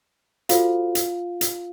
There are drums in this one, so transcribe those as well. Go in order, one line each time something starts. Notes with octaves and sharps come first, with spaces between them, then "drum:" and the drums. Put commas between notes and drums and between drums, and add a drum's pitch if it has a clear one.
F4 F#4 A4 C5 F5, drum: hi-hat
drum: hi-hat
drum: hi-hat